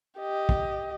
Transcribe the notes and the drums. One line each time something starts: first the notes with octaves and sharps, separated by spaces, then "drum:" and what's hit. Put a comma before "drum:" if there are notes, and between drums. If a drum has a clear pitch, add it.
G4 D#5
drum: kick